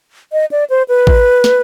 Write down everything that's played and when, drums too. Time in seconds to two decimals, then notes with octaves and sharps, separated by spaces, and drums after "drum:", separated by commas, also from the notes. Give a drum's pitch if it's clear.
0.32 D#5
0.51 D5
0.70 C5
0.88 B4
1.07 drum: kick A1
1.44 drum: snare